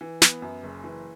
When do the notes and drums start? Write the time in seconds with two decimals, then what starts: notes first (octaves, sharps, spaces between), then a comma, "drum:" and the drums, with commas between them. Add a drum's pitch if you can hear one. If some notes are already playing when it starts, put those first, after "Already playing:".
0.01 E3
0.22 B3, drum: snare
0.42 F#2
0.63 F#1
0.84 E3